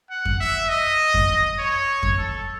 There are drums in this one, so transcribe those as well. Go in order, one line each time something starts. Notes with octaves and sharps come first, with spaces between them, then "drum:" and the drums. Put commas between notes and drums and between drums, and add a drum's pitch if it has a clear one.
F#5
drum: kick F2
E5
D#5
drum: kick F2
C#5
drum: kick F2
A4